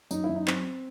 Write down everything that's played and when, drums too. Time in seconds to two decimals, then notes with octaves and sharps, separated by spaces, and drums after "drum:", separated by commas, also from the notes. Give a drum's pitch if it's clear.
0.11 F#2 D#4, drum: tambourine
0.24 E4
0.29 F#2
0.35 D#4
0.48 F#2 C4, drum: clap